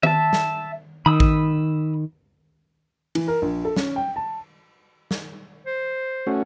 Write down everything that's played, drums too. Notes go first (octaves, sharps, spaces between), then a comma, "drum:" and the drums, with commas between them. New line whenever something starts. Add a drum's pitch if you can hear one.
E5 A5, drum: tom D#3
drum: snare
D#3 B5 D#6 E6
drum: kick A1
E3, drum: cymbal
A#4
A#1
A4
C#4, drum: snare
G5
A5
drum: snare
C5
A3 C#4 F#4